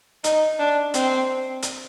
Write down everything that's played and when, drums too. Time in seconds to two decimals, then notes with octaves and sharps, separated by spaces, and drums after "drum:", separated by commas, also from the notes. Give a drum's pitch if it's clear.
0.24 D#4, drum: hi-hat
0.59 D4
0.94 C4, drum: hi-hat
1.62 drum: hi-hat